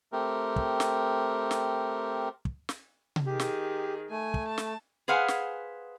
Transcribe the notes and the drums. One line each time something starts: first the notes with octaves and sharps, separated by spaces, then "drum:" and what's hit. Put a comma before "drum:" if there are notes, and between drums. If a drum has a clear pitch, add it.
A3 C4 G4 A#4
drum: kick
drum: snare
drum: snare
drum: kick
drum: snare
drum: tom C3
D#3 G4 G#4
drum: snare
A3 G#5
drum: kick
A5
drum: snare
G#4 B4 C5 F5 F#5 G#5
drum: snare